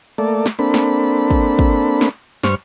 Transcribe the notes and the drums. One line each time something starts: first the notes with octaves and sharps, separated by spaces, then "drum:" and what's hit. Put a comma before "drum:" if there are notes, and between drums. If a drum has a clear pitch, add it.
A3 A#3 A4 D5
drum: snare
A#3 C4 D4 A4 B5
drum: snare
drum: kick
drum: kick
drum: snare
G2 C5 C#6 F6, drum: snare